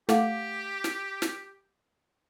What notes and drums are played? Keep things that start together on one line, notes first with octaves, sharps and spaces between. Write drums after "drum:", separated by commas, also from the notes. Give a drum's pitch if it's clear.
A3 G4 F5 F#5 D6, drum: snare
drum: snare
drum: snare